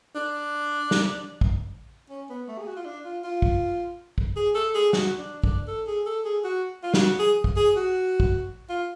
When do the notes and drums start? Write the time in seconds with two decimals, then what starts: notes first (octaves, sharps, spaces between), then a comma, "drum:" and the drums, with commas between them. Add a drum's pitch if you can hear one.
0.15 D4
0.91 drum: snare
1.41 drum: kick
2.10 C#4
2.29 B3
2.48 A3
2.59 G#4
2.67 F#4
2.77 F4
2.86 D4
3.05 F4
3.24 F4
3.42 drum: kick
4.18 drum: kick
4.36 G#4
4.55 A4
4.75 G#4
4.93 F#4, drum: snare
5.19 D4
5.44 D4, drum: kick
5.68 A4
5.87 G#4
6.06 A4
6.25 G#4
6.44 F#4
6.83 F4
6.94 F#4, drum: snare
7.19 G#4
7.44 drum: kick
7.56 G#4
7.76 F#4
8.20 drum: kick
8.70 F4